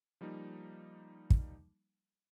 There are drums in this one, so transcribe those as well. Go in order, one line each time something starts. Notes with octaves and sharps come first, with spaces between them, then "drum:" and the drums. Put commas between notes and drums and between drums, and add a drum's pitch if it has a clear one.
F3 G3 A#3 D#4
drum: kick